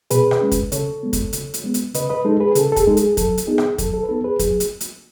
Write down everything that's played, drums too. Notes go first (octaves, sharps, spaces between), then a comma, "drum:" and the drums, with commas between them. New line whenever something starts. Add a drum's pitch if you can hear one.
B2 G#4 B4, drum: hi-hat
drum: rim click
G#3 C#4
drum: kick, hi-hat
C#3 A4 C#5, drum: hi-hat
G#3 B3
drum: kick, hi-hat
C#3, drum: hi-hat
drum: hi-hat
G#3 B3
drum: hi-hat
C#3 B4 D#5, drum: hi-hat
B4 D#5
G#3 D#4 A4
G#4 B4
G#4
C#3 A4, drum: hi-hat
A4
G#4, drum: kick, hi-hat
G#3 D#4 A4
G#4, drum: hi-hat
F#3 A4, drum: kick, hi-hat
drum: hi-hat
B3 D#4 G#4
drum: rim click
F#3 A4, drum: kick, hi-hat
A4
B4
B3 D#4 A4
G#4 B4
F#3 G#4, drum: kick, hi-hat
drum: hi-hat
drum: hi-hat